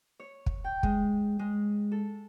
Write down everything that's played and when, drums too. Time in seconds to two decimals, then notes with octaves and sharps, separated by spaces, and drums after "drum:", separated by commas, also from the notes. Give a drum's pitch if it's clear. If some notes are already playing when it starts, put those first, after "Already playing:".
0.20 C#5
0.46 drum: kick
0.64 G5
0.83 G#3, drum: kick
1.39 G#3
1.92 A4